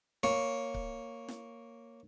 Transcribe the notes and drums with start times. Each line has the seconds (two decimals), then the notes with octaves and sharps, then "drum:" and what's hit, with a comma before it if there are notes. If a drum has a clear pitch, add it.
0.23 A#3 C#5, drum: snare
0.74 drum: kick C#1
1.28 drum: snare